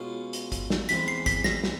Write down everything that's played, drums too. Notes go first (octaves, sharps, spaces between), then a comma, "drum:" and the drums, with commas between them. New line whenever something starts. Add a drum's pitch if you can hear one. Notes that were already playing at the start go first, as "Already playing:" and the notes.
Already playing: B2 G#3 C#4 F4
drum: hi-hat
drum: kick A#1, hi-hat
drum: snare
E2 C3 E3 G#3 B6, drum: hi-hat
C7
B6, drum: kick A#1, hi-hat
A#6, drum: snare
drum: snare